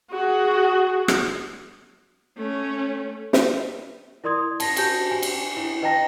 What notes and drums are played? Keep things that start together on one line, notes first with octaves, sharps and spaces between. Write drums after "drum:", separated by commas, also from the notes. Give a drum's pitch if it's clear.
F#4 G#4
drum: rim click
A3 C#4
drum: snare
E4 A#4 D5 C6 D#6 G#6
A5 A#6, drum: cymbal
F#4 G4 G#5 A5 G6 A#6, drum: cymbal
G#5
drum: cymbal
E4
B4 D#5 G5 A5 A#5 A#6